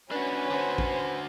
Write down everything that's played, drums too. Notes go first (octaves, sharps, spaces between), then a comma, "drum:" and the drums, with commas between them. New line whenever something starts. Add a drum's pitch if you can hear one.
C#4 D4 F#4 B4 G#5
D3 F#4 C5
drum: kick